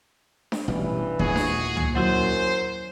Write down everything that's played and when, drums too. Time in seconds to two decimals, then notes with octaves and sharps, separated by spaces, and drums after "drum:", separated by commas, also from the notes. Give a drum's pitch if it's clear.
0.52 drum: snare D4
0.68 A1 G2 B2 E3 G3
1.19 D#2 A#2 G#3 F#4 G#4, drum: kick F#1
1.36 drum: snare D4
1.77 drum: tom C#2
1.96 F#2 F#3 E4 F#4 C5